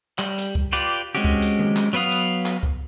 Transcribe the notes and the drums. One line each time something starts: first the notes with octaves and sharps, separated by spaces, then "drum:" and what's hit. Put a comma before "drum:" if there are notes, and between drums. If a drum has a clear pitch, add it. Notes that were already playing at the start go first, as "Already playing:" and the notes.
G3, drum: clap
drum: hi-hat
drum: kick C#2
F4 G4 B4 D5, drum: hi-hat
G#3 C4 C#4 F#4 G4
drum: kick C#2
drum: hi-hat
drum: tom D#3
drum: clap
F#3 B3 B4 F5 D#6
drum: hi-hat
drum: clap
drum: kick C#2